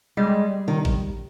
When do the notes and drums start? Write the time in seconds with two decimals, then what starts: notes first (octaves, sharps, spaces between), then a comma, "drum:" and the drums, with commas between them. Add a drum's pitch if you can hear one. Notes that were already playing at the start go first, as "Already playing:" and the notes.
0.17 G3 G#3
0.68 D#3
0.85 drum: kick G#1